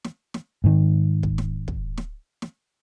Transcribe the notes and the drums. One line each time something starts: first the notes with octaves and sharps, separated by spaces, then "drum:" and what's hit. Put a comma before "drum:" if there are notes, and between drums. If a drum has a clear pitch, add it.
drum: snare
drum: snare
G#2 D#3
drum: kick
drum: snare
drum: kick
drum: snare
drum: snare